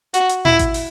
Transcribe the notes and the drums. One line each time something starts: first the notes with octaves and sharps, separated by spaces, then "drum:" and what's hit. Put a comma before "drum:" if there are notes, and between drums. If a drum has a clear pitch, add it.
F#4, drum: hi-hat
drum: hi-hat
E4, drum: tom A#2
drum: kick A1, hi-hat
drum: open hi-hat